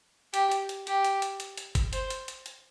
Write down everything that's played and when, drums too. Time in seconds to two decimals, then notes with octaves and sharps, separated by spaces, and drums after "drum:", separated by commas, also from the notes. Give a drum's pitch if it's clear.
0.34 G4, drum: hi-hat
0.52 drum: hi-hat
0.69 drum: hi-hat
0.87 G4, drum: hi-hat
1.04 drum: hi-hat
1.22 drum: hi-hat
1.40 drum: hi-hat
1.57 drum: hi-hat
1.75 drum: kick, hi-hat
1.93 C5, drum: hi-hat
2.10 drum: hi-hat
2.28 drum: hi-hat
2.46 drum: hi-hat